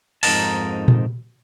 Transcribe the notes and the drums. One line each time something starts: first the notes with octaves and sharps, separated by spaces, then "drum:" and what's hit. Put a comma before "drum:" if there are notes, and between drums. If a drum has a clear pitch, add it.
F2 G#2 D#4 A#4 D#5 A5, drum: open hi-hat
drum: tom A#2